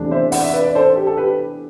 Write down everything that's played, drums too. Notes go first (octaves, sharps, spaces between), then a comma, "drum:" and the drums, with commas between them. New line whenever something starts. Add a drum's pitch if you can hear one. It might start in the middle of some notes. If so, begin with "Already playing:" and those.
Already playing: E2 C3 E3 A3 D4
C5 E5
D5 F#5, drum: open hi-hat
E5
B4 D5
D5
A4 C5
G4
A4
G4 B4